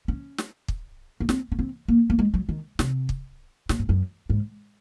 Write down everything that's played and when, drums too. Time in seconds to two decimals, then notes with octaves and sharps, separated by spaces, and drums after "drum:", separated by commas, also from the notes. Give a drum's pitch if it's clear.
0.08 C#4
0.38 drum: snare
0.68 drum: kick
1.20 A#3
1.29 C4, drum: snare
1.52 C#4
1.59 C4
1.88 A#3
2.10 A#3
2.19 G#3
2.34 F#3
2.49 D#3
2.79 C3, drum: snare
3.09 drum: kick
3.69 A#2, drum: snare
3.79 G#2
3.89 F#2
4.30 G#2